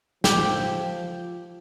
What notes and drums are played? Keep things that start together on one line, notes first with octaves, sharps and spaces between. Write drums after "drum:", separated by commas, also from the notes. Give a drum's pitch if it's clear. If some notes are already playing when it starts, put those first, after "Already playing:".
F3 G4, drum: snare